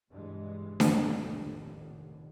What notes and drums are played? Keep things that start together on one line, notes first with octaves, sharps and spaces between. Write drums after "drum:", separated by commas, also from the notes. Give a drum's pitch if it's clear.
G2 B2 E3 G#3
F1 A#1 D#2 A2, drum: snare D4